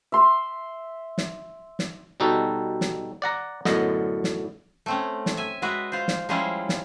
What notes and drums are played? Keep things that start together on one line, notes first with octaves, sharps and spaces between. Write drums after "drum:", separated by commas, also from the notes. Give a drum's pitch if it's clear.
E5 C6
drum: snare
drum: snare
B2 G3 D#4 F#4 A4
drum: snare
D5 F#5 A#5
F#2 A2 D3 B3 D#5, drum: snare
drum: snare
A3 C4 C#4
drum: snare
E5 G#5
G#3 F#4 B4 D#5 E5
F4 C5
drum: snare
F3 G3 G#3 C#4 E4 F4
drum: snare